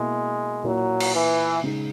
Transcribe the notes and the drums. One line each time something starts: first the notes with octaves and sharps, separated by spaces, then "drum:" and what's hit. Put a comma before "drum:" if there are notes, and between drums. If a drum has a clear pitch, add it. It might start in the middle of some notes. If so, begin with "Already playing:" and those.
Already playing: B2 G#3 A#3 E4
A#2 F#3 A#3 E4
drum: cymbal
E3
C#3 G#3 D#4